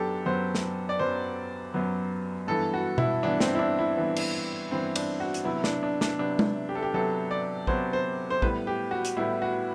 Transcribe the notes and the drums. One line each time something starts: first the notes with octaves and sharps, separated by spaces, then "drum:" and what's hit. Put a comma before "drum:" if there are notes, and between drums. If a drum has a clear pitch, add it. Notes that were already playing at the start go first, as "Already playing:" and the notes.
Already playing: F#2 F#3 B3 D4 G4 A4
F#2 F#3 B3 C5
drum: snare
D5
F#2 F#3 B3 C5
F#2 F#3 B3
G2 E3 B3 A4
F#4
E4, drum: tom B2
G2 E3 B3 D4
C4, drum: snare
E4
D4
E4
G2 E3 B3
drum: cymbal
G2 E3 B3 C4
D4, drum: cymbal
F#4
drum: hi-hat
C3 F#3 B3 E4
D4, drum: snare
D4
D4, drum: snare
C3 F#3 B3 D4
drum: tom G#3
G4
A4
G4
C3 F#3 B3 A4
D5
C3 F#3 B3 C5, drum: kick A#1
C5
C5
A2 G3 B3 B4, drum: kick A#1
G4
F#4
drum: hi-hat
A2 G3 B3 E4
F#4